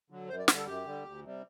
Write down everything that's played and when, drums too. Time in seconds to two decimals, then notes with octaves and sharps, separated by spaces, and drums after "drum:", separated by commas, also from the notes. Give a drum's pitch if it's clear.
0.10 D3 F#3
0.29 F#2 C5
0.39 D5
0.48 D3 G3, drum: snare
0.58 A4
0.66 F#2 G4
0.85 D3 G3
1.05 D2
1.24 C3 G3